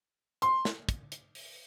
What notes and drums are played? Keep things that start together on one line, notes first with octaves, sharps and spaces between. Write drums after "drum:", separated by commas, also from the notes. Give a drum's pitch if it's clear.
C6, drum: hi-hat
drum: snare
drum: kick, hi-hat
drum: hi-hat
drum: open hi-hat